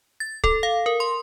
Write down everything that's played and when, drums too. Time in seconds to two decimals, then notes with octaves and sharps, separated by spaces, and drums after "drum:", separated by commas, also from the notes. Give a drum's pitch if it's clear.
0.20 A6
0.44 A4, drum: kick
0.63 F5
0.86 A#4
1.00 C6